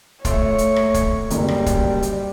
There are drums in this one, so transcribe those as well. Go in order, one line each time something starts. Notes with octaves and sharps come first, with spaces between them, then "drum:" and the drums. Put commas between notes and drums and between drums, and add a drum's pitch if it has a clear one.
A3 A#3 F4 C#5, drum: kick, hi-hat
drum: hi-hat
drum: rim click
drum: kick, hi-hat
F#1 G3, drum: hi-hat
drum: rim click
drum: kick, hi-hat
drum: hi-hat